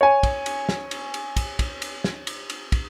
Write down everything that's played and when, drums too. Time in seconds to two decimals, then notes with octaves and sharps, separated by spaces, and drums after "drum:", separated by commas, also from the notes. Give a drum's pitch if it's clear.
0.01 C#5 G#5
0.23 drum: kick, cymbal
0.46 drum: cymbal
0.69 drum: snare
0.91 drum: cymbal
1.14 drum: cymbal
1.36 drum: kick, cymbal
1.59 drum: kick, cymbal
1.82 drum: cymbal
2.04 drum: snare
2.27 drum: cymbal
2.50 drum: cymbal
2.72 drum: kick, cymbal